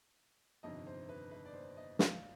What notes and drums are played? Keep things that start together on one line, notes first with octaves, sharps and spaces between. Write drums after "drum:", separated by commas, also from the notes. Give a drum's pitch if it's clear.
G1 F2 C3 D#3 D#5
C5
B4
B4
D5
C5
D#5
F5, drum: snare